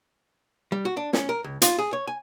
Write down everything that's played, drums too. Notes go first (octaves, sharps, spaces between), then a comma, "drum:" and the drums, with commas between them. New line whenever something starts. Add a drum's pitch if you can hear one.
G3
F#4
D4
C#4, drum: snare
A#4
C#2
F4, drum: hi-hat
G#4
C#5
G#5